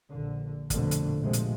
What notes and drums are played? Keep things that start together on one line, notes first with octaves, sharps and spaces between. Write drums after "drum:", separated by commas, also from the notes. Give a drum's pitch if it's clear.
A#1 D3
A#1 F2 B2 D3 A3, drum: kick, hi-hat
drum: hi-hat
A#1 A2 C3 F3 G#3
drum: hi-hat